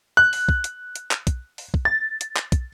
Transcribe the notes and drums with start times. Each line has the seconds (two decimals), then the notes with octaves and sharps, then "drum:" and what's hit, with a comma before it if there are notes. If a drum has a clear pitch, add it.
0.17 F#6
0.33 drum: open hi-hat
0.49 drum: kick
0.64 drum: hi-hat
0.96 drum: hi-hat
1.11 drum: clap
1.27 drum: kick, hi-hat
1.58 drum: open hi-hat
1.74 drum: kick
1.85 A6
2.21 drum: hi-hat
2.36 drum: clap
2.52 drum: kick, hi-hat